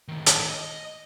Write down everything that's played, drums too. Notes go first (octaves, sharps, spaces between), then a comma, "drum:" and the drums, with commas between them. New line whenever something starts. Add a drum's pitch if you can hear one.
A2 D#3
drum: hi-hat
D#5